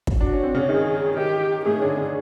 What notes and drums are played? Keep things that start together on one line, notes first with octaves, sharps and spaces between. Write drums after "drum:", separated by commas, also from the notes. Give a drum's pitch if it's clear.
drum: kick
D4 F#4
C#4
C4
C#3 C#4
D#3 D#4 G#4
D#3 D#4 G4
A2 A3 G#4
C#4
D3 D4
D3 D4